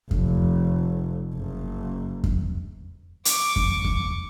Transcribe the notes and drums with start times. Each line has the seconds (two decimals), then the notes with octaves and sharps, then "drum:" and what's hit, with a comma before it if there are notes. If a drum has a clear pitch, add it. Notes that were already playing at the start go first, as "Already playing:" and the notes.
0.11 F1, drum: kick F2
1.34 F#1
2.24 drum: kick F2
3.25 C#6 D6, drum: hi-hat
3.56 drum: kick F2
3.84 drum: kick F2